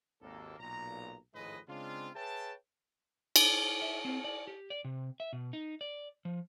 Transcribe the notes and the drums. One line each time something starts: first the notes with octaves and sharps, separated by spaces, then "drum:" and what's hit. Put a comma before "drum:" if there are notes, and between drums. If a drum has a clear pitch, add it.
G#1 D#2 A#3 A4
B1 A#2 A#5
G#1 F2 A2 G#3 B4 D#5
C#3 G#3 C4 D4 F4
G#4 B4 C#5 E5 G5 A5
drum: cymbal
E5
C4
D5
G4
D5
C3
E5
B2
D#4
D5
F3